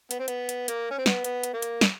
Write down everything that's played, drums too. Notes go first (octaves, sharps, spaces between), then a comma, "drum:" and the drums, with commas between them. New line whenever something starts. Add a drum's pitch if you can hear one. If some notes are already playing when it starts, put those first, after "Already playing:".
B3, drum: hi-hat
C4
B3, drum: hi-hat
drum: hi-hat
A#3, drum: hi-hat
C#4
C4
B3, drum: snare
B3, drum: hi-hat
drum: hi-hat
A#3
drum: hi-hat
drum: snare